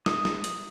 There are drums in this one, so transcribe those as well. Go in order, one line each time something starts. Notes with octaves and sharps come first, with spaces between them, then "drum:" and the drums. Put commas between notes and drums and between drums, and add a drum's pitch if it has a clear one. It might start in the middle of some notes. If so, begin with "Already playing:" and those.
D#6, drum: snare
drum: snare
drum: hi-hat